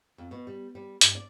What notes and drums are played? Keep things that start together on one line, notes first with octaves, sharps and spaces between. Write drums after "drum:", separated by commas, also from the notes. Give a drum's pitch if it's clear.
F2
B2
G3
G3
G2, drum: hi-hat
D5